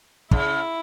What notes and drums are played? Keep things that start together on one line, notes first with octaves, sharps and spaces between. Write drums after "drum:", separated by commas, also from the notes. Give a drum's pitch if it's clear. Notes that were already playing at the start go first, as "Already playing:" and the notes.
C#3 E4, drum: kick